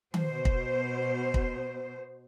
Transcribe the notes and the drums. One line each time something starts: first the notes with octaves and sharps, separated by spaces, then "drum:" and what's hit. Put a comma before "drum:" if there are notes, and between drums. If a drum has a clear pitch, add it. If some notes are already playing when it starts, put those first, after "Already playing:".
B2 C5, drum: tom D#3
drum: kick
drum: kick